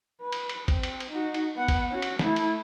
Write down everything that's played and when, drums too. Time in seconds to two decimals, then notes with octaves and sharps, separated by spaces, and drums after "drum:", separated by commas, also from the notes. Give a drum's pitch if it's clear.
0.21 B4
0.32 drum: cymbal
0.49 drum: cymbal
0.68 C4, drum: kick G#1, cymbal
0.83 drum: cymbal
1.00 drum: cymbal
1.11 D#4 F#4
1.34 drum: cymbal
1.56 B3 F#5
1.68 drum: kick G#1, cymbal
1.91 C#4 F#4
2.02 drum: cymbal
2.19 A3 E4, drum: snare
2.36 drum: cymbal